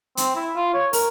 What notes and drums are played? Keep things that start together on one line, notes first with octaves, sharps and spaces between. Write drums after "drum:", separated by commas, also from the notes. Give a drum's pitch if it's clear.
C4, drum: hi-hat
E4
F4
C#5
A#4, drum: open hi-hat